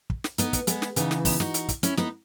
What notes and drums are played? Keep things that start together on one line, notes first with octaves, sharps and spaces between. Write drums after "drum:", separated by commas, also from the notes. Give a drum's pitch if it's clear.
drum: kick
drum: snare
B3 D#4, drum: hi-hat
drum: kick, hi-hat
G#3 B3, drum: hi-hat
drum: snare
C#3 E3 B3 D#4, drum: hi-hat
drum: snare
B3 D#4, drum: kick, open hi-hat
D#4 F#4, drum: snare
drum: hi-hat
drum: kick, hi-hat
C#4 E4, drum: hi-hat
B3 D#4, drum: snare